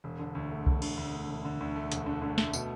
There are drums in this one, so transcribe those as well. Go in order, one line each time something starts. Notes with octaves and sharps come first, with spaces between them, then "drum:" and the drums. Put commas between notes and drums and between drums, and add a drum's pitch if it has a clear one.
E1
D3
D2
A3
E1, drum: kick C2
D3, drum: cymbal
D2
A3
E1
D3
D2
A3
E1, drum: hi-hat
D3
D2
A3, drum: snare
B2, drum: tambourine